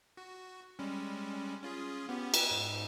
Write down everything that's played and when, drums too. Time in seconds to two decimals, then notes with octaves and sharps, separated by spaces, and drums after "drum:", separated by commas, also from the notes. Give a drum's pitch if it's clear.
0.17 F#4
0.79 G3 G#3 C#4
1.63 C#4 F4 G#4
2.09 B3 C#4 G4
2.34 B4 G5 G#5, drum: cymbal
2.51 G#2